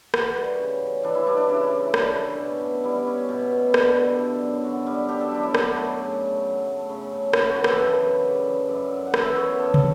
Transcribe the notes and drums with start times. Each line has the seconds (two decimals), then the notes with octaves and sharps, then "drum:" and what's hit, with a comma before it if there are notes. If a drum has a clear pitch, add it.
0.14 E3 F#4, drum: rim click
0.37 G3
0.59 C#3
0.81 C#3
1.03 E3 D4
1.15 E4
1.27 G3 D4
1.37 D4
1.49 C#3 E4
1.71 C#3
1.83 E4
1.94 G3 D4, drum: rim click
2.17 C#4
2.39 B2
2.61 B2
2.84 G3 E4
3.07 C#4
3.29 B2
3.52 B2
3.74 D3, drum: rim click
3.97 G3
4.19 D4 E4
4.41 F#2
4.64 D3 F#4
4.87 G3
5.08 D4 G4
5.21 A4
5.31 F#2 D4
5.43 E4
5.55 F#3, drum: rim click
5.76 A3
5.99 C#3
6.22 C#3
6.44 F#3
6.67 A3
6.90 C#3
7.12 C#3
7.33 C#3 E4, drum: rim click
7.49 F#4
7.57 E3
7.64 G4, drum: rim click
7.79 F#2 A4
8.02 F#2 B4
8.24 C#3 D5
8.46 E3
8.69 F#2 D5
8.91 F#2
9.07 F#5
9.14 E3 E5, drum: rim click
9.25 E5
9.36 B3 C#5
9.59 F#2 A4
9.74 drum: tom